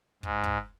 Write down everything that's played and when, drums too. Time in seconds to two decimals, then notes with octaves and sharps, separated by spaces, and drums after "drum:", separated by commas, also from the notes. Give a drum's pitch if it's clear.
0.23 G#2, drum: kick
0.44 drum: kick